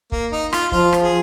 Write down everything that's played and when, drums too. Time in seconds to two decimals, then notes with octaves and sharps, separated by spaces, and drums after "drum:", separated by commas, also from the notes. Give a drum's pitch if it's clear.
0.12 A#3, drum: kick
0.32 D#4
0.53 F4, drum: rim click
0.72 F3 F4, drum: kick
0.93 drum: rim click
1.02 G#4